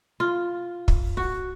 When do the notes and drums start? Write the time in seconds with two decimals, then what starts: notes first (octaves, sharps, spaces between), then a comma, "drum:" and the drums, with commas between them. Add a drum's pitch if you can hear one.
0.20 F4
0.88 drum: kick
1.17 F#4